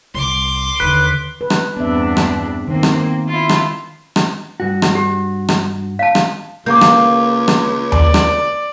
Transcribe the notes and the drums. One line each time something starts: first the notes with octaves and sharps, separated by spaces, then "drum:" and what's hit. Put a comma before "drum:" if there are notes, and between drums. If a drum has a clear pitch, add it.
C2 C6 D6
D#2 D3 B4
B4
drum: rim click
E2 G2 B3 C4 D4 E5
drum: rim click
D#3 A#3 C4
drum: rim click
E4 F4
drum: rim click
drum: rim click
G2 F#4
drum: rim click
G4
drum: rim click
F5 A5
drum: rim click
C#2 A#3 D6 G6
drum: rim click
drum: rim click
D5, drum: tom D#2
drum: rim click